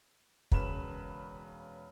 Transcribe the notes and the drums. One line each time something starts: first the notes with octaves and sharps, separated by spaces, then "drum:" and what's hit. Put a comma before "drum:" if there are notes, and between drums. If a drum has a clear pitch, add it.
E1 C#3 B4 B5 E7, drum: kick